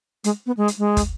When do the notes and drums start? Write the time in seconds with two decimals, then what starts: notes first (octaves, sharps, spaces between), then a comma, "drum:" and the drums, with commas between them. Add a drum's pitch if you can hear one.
0.24 G#3, drum: hi-hat
0.46 B3
0.57 G#3
0.68 drum: hi-hat
0.78 G#3
0.97 drum: kick, hi-hat